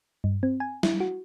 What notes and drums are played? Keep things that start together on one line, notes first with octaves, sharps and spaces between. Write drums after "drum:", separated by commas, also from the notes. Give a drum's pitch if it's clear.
G2
C4
G#5
E4, drum: snare G3
F#4